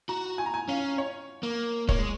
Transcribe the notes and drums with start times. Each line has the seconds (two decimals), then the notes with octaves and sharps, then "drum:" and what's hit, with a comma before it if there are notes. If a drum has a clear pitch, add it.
0.09 F#4 A#5
0.38 G#5
0.46 A#5
0.54 G#5
0.69 C#4 F5
0.98 C#5
1.43 A#3
1.89 A#3 C#5, drum: kick
1.99 G#3